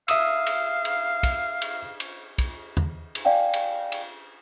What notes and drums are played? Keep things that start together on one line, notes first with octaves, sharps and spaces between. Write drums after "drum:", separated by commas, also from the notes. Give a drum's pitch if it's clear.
E5 F5 D#6 E6, drum: cymbal
drum: cymbal
drum: cymbal
drum: kick, cymbal
drum: cymbal
drum: cymbal
drum: kick, cymbal
drum: tom E2
drum: cymbal
D5 F5 G5 G#5
drum: cymbal
drum: cymbal